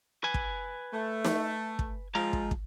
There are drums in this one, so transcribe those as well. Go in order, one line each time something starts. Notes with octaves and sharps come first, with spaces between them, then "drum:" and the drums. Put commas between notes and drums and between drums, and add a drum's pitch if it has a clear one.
B4 G#5
drum: kick
A3
drum: snare
drum: kick
F3 G#3 F4 A#5
drum: kick
drum: kick